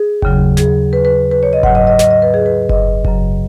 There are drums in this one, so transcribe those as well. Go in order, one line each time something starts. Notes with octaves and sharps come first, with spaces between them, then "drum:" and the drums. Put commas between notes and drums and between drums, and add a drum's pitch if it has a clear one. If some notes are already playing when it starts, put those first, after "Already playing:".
Already playing: G#4
D#2 C#3 F#3, drum: kick F#1
G#4, drum: snare
B4
B4
B4
C#5
D#5
G#2 F#3 F#5, drum: kick F#1
D#5
D#5
D#5, drum: snare
D#5
B4
G#4
B4
D#5, drum: kick F#1
F#2 C#3 F#3, drum: kick F#1